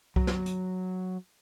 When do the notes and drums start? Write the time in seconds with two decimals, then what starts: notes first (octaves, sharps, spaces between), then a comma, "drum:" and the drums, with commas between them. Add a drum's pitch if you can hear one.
0.16 F#3, drum: kick C2
0.27 drum: snare
0.46 drum: hi-hat